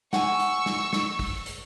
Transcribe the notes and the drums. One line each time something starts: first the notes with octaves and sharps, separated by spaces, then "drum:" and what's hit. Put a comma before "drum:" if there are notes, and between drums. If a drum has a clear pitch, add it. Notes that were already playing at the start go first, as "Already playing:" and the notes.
F#5 G#5 C#6 E6, drum: snare
drum: hi-hat
drum: snare
drum: snare
drum: kick, open hi-hat
drum: hi-hat